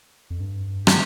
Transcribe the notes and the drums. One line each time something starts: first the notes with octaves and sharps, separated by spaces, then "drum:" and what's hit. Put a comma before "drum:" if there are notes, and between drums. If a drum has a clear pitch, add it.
F2
G2
G4, drum: rim click